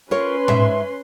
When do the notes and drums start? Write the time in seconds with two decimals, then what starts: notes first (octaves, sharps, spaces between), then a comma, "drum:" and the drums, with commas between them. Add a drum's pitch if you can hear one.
0.11 C#4 F4 A#4 B4 C#5 C6
0.48 G#2 E5, drum: tom A2